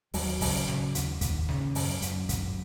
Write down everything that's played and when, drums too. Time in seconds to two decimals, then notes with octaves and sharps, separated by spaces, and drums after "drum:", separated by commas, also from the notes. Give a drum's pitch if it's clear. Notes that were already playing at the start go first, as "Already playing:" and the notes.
0.14 D#2 F#3, drum: open hi-hat
0.41 C#3, drum: kick, open hi-hat
0.68 C#3, drum: snare
0.95 D#2, drum: hi-hat
1.21 D#2, drum: kick, hi-hat
1.49 C#3, drum: snare
1.75 F#2, drum: open hi-hat
2.02 F#2, drum: hi-hat
2.29 F#2, drum: kick, hi-hat